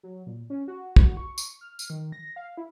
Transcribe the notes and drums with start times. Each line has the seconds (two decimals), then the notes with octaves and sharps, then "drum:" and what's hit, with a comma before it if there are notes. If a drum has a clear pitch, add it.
0.03 F#3
0.27 A#2
0.50 C#4
0.68 F#4
0.96 drum: kick
1.17 C#6
1.38 drum: tambourine
1.61 F6
1.79 drum: tambourine
1.90 D#3
2.12 A#6
2.36 F5
2.58 E4